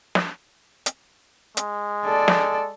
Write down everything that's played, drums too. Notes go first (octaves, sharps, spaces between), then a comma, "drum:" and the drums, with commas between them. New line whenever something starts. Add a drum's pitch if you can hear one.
drum: snare
drum: hi-hat
G#3, drum: hi-hat
A4 D5
drum: snare